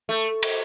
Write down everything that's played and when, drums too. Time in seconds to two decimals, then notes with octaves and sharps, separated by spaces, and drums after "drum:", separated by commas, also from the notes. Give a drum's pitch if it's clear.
0.09 A3
0.43 drum: cymbal